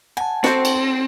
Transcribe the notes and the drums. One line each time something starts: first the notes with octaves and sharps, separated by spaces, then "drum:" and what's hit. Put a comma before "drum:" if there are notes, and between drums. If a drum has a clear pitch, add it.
F#5 G#5 A5
C4 F#4 A4 C5, drum: snare
drum: cymbal